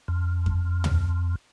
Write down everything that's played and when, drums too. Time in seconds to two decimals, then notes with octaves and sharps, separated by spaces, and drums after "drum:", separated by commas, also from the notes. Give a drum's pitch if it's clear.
0.08 F2
0.46 drum: kick F#2
0.84 drum: tom